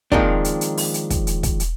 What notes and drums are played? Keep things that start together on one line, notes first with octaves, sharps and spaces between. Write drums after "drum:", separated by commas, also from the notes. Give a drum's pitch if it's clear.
D#3 F3 G#3 A#3 C4 D4, drum: kick
drum: hi-hat
drum: hi-hat
drum: open hi-hat
drum: hi-hat
drum: kick, hi-hat
drum: hi-hat
drum: kick, hi-hat
drum: hi-hat